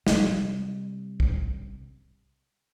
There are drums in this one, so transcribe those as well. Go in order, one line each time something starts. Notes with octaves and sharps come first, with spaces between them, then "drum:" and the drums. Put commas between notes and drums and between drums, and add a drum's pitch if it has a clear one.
C3 G3, drum: snare
drum: kick